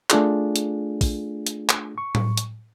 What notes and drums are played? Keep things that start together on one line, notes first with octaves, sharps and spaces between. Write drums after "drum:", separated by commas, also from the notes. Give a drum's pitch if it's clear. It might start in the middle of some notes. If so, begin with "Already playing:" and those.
A3 D4 F4 G#4, drum: clap
drum: hi-hat
drum: kick, open hi-hat
drum: hi-hat
drum: clap
C#6
drum: tom A2
drum: hi-hat